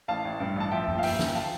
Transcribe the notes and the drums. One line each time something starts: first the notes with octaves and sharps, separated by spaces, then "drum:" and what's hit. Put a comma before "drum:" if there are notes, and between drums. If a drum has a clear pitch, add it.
A1 F5 A5
A1
G2
A1 A5
F3 E5 G5
A#1, drum: tom
F5
A#1 E5 G5, drum: open hi-hat
A#1, drum: snare
F5 A5